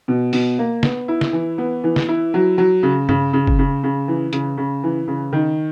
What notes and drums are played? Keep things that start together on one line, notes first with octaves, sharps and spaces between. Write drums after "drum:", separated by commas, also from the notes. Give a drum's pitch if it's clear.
B2
B2, drum: open hi-hat
A#3
B3, drum: snare
E4
drum: snare
E3
B3
E3
drum: snare
E4
F#3
F#3
C#3
C#3, drum: tom G2
C#3
drum: kick
C#3
C#3
E3
C#3, drum: hi-hat
C#3
E3
C#3
D#3